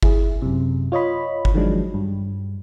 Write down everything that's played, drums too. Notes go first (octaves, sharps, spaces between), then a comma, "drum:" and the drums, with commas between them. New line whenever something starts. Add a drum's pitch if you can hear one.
E4 G#4, drum: kick G1
F#2 C3
F4 C#5 D#5 B5
drum: kick G1
D#3 F3 F#3 G#3 D4
G2